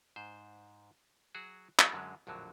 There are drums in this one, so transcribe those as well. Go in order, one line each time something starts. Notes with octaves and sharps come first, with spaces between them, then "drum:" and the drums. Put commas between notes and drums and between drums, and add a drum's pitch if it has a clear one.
G#2 C5
F#3 F#4 G#4
F#3 G#4, drum: clap
F#2 D3 F#3 G#3
A#1 F2 A2 D3 F#3